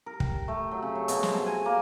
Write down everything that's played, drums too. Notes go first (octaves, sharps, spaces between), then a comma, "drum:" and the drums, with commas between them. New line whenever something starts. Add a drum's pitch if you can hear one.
A#4
G5, drum: kick
A3
F#3
C#3
C#5
B2, drum: hi-hat
C5, drum: snare
G#5
A#3